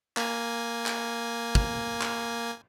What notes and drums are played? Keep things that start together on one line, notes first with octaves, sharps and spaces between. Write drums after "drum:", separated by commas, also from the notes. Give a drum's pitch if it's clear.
A#3 G#5, drum: clap
drum: clap
drum: kick
drum: clap